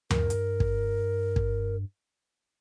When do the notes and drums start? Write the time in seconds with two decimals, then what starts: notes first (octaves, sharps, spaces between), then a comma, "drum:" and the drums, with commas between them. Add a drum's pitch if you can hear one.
0.11 G2 A#4, drum: tom D#2
0.30 drum: hi-hat
0.60 drum: kick
1.36 drum: kick